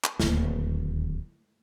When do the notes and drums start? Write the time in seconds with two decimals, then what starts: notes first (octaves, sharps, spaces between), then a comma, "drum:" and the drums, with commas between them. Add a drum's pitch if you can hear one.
0.04 drum: clap
0.20 D1 D#2, drum: snare